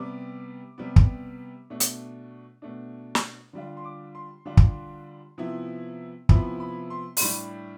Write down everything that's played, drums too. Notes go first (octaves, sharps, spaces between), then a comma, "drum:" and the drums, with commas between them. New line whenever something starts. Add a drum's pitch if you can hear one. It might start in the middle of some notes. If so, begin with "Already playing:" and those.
Already playing: C3 G3 B3 D6
C3 G3 B3
drum: kick
B2 A3 D4
drum: hi-hat
B2 A3 D4
drum: snare
D3 G3 D4 F4
C6
D6
C6
D3 G3 D4 F4
drum: kick
C3 F3 B3 E4
C3 F3 B3 E4 B5, drum: kick
B5
C6
C6, drum: open hi-hat
A2 G3 D4 B5